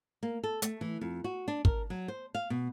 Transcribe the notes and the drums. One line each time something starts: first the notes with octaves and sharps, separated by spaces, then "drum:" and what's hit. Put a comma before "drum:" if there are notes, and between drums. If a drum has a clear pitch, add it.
A#3
A4
A3, drum: hi-hat
E3
F2
F#4
D4
A#4, drum: kick
F#3
C5
F5
B2